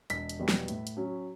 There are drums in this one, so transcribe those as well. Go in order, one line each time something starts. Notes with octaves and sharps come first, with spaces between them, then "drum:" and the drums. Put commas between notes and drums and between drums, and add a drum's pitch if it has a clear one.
E1 B6, drum: hi-hat
drum: hi-hat
E2 B2 G3 B3
drum: snare
A2, drum: hi-hat
drum: hi-hat
F#3 C#4